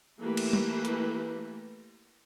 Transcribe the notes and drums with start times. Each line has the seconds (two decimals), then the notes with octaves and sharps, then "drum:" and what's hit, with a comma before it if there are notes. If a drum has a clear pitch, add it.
0.21 E3 A3 A#3 G4 B4
0.37 drum: cymbal
0.53 drum: tom G3
0.85 drum: hi-hat